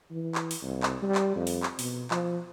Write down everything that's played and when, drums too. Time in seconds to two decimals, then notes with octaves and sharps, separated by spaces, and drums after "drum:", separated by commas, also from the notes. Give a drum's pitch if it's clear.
0.11 E3
0.35 drum: clap
0.51 drum: open hi-hat
0.62 C2
0.83 drum: clap
1.02 G3
1.15 drum: clap
1.35 F2
1.47 drum: open hi-hat
1.63 drum: clap
1.79 B2, drum: open hi-hat
2.11 F3, drum: clap